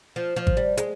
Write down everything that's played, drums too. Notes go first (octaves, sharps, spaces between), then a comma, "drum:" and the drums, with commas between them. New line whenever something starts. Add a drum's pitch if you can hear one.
F3
F3
drum: kick G#1
G3
G#3, drum: hi-hat